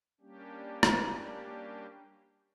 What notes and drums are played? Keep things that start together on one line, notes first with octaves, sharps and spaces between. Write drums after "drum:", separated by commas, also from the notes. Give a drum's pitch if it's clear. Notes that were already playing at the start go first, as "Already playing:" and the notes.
G3 A#3 C#4 D4 G4
drum: rim click